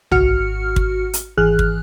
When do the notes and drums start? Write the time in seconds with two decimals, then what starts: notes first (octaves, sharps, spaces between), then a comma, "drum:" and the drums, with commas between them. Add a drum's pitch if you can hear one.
0.11 G#1 F#4 F6 C#7, drum: tom
0.76 drum: kick
1.13 drum: hi-hat
1.37 G#1 E3 G#4 F6 F#6
1.59 drum: kick